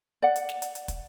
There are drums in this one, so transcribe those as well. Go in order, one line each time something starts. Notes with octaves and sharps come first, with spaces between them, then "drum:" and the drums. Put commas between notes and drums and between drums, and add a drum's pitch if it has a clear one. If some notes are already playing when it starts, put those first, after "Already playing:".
D5 F#5
drum: hi-hat
drum: snare
drum: hi-hat
drum: hi-hat
drum: kick, hi-hat